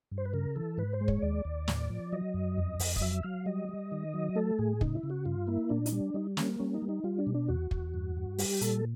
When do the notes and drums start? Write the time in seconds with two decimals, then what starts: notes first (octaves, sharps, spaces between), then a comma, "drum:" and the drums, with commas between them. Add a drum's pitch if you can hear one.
0.11 G2
0.18 C5
0.25 B4
0.34 C#3 A#4
0.55 E3 A4
0.78 G#2 B4
0.93 C5
1.01 G#3
1.08 C#5, drum: kick
1.22 D#2 D5
1.45 D#2
1.68 A2, drum: snare
1.90 F3
2.12 F#3 D#5
2.34 F#2
2.57 F2
2.80 F2, drum: open hi-hat
2.96 D#5, drum: kick
3.01 F#3 E5
3.23 F#3 F5
3.46 G3 D#5
3.69 G3
3.92 D#3
4.14 F#3
4.35 A3 A4
4.59 A2 G#4
4.81 C#3 D#4, drum: kick
4.95 E4
5.03 C#3
5.10 F#4
5.25 G2 F4
5.47 A#3 E4
5.69 A#2 D4
5.86 D#4, drum: hi-hat
5.92 G3 D4
6.14 G3 D#4
6.37 A#3 C#4, drum: snare
6.59 G3 C#4
6.74 D#4
6.82 G3
6.89 D#4
7.04 G3 F4
7.19 D4
7.27 B2
7.34 D4
7.48 E2 F#4
7.71 E2, drum: kick
7.94 G2
8.16 G2
8.38 G3 G4, drum: open hi-hat
8.61 A#2 A4, drum: hi-hat